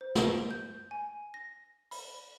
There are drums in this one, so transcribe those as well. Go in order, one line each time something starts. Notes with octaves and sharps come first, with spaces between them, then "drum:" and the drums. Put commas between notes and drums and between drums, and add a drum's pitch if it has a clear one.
C5
drum: snare
G6
G#5
A#6
B5, drum: open hi-hat